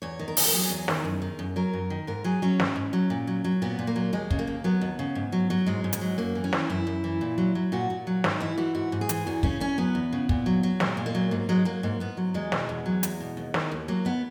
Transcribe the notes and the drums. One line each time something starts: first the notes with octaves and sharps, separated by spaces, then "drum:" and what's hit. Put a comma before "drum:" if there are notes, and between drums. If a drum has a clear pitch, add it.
E2 C#5
D#3
A#4
E2, drum: open hi-hat
A#4
F#3 G#4
E2
D#3, drum: snare
F#2
D#3
F#2
F#3 A#4
F#2
D#3
G#2 A#4
F#3 G#4
F#3 C#4
G#2, drum: snare
G#2
F#3
A#2
F#3
F#3
A#2 B3
A#2
A#3
F#3
D#2 G#3
C#3, drum: kick
A#3
D#2
F#3 B3
D#2
C#3
G#2
F#3
F#3
G#2 G#3
G#2
G#3, drum: hi-hat
F#3
F#2 A#3
E3
C#4
E3, drum: snare
F#2 E4
F#2
E3
A#2
F#3
F#3
A#2 F#4
A#2
F#3
G#2 D#4, drum: snare
E3 E4
E3 F#4
G#2 F#4
G#2
G#4
E3, drum: hi-hat
E2 F#4
C#3 C#4, drum: kick
E2 C#4
F#3 B3
E2
C#3
A#2, drum: kick
F#3
F#3
A#2 G#3, drum: snare
A#2
A#3
F#3
G#2 A#3
F#3 G#3
F#3 A#3
G#2 A#3
G#2 B3
F#3
E2 G#3
B2, drum: snare
E2
F#3
E2, drum: hi-hat
B2
D#2
D#3, drum: snare
D#2
F#3 A#3
D#2 B3